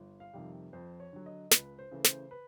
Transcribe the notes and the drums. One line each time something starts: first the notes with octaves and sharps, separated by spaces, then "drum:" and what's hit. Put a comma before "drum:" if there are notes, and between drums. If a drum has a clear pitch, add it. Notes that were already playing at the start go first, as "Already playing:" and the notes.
Already playing: G1
F5
F2 C3 D#3 G3
F2 C5
C#5
D3 F#3
D#5
C#2 B4, drum: snare
C5
C#3 E3 A3
C5, drum: snare
B4